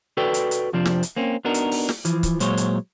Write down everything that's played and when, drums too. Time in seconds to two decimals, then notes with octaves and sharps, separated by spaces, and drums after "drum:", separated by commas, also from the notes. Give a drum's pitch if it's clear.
0.17 F#4 A4 B4 D5 G5
0.34 drum: hi-hat
0.51 drum: hi-hat
0.73 F2 C3 F3 C4 D4
0.86 drum: snare
1.03 drum: hi-hat
1.17 A#3 C4 C#4
1.45 B3 D4 D#4 F#4 A#4
1.54 drum: hi-hat
1.71 drum: open hi-hat
1.89 drum: snare
2.05 E3 F3, drum: hi-hat
2.23 drum: kick C#1, hi-hat
2.40 A#2 F#3 G#3 C5 C#5, drum: hi-hat
2.57 drum: hi-hat